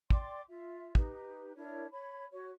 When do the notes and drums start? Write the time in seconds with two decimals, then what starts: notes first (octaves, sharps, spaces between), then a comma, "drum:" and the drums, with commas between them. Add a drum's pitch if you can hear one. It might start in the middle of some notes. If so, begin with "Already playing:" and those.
0.10 D5 G5 C6 D6, drum: kick
0.48 F4 E5
0.95 D#4 G4 B4, drum: kick
1.56 D4 E4 A#4 C#5
1.92 C#5 B5
2.31 F#4 C#5